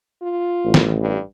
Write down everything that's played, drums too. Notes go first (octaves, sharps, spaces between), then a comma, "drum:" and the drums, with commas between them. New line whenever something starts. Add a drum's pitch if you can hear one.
F4
A1
drum: snare
G2